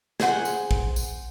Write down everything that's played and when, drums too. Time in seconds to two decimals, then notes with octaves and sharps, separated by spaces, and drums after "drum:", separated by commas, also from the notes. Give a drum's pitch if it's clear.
0.20 G#4 C5 F#5, drum: snare
0.45 drum: tambourine
0.71 drum: kick A#1
0.96 drum: tambourine